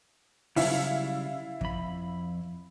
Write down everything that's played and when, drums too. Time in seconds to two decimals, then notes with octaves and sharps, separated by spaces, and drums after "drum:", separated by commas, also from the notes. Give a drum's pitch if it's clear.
0.56 C#3 F#3 G3 E4 E5 F5, drum: open hi-hat
1.61 F2 B5, drum: kick